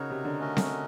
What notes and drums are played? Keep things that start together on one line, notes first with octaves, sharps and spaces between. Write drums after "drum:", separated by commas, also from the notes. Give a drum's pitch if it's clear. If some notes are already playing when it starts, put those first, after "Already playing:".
Already playing: C#3 D#4 F#4 A#4 C#5
C3
D3
A3 C#4 F#4 A#4 D#5
drum: snare C4